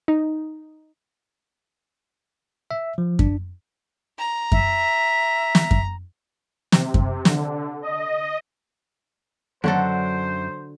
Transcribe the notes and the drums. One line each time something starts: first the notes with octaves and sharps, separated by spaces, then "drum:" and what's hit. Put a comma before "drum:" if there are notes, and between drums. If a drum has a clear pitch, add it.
D#4
E5
F3
D4, drum: kick F#2
A#5
E5, drum: kick F#2
drum: snare
drum: kick F#2
C3, drum: snare
drum: kick F#2
D3, drum: snare
D#5
F#2 D3 F#3 D4 F#4 A4 C5